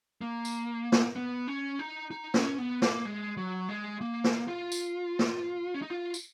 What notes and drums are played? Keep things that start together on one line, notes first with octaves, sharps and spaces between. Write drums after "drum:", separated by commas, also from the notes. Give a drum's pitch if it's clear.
A#3
drum: tambourine
drum: snare
B3
C#4
D#4
D#4
C#4, drum: snare
B3
A#3, drum: snare
G#3
F#3
G#3
A#3
drum: snare
F4
drum: tambourine
drum: snare
C#4
D#4
F4
drum: tambourine